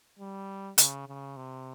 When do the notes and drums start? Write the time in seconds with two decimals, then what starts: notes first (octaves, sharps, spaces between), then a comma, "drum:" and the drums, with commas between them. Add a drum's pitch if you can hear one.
0.19 G3
0.78 C#3, drum: hi-hat
1.08 C#3
1.37 C3